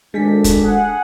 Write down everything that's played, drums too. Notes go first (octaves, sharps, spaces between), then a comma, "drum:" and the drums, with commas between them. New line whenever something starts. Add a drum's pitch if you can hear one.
G#1 G#3 D4 A4 G#5 B6
drum: kick, hi-hat
G#4 F#5